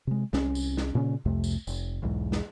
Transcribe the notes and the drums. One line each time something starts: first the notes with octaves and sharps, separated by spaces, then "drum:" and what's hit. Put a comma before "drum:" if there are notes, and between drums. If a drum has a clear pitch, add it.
C3 G#3
C2 C#4, drum: snare
drum: tambourine
drum: snare
A#2 C#3 C#4
C2 F2 C3 A3
drum: tambourine
F1, drum: tambourine
B1 E2 G#2
drum: snare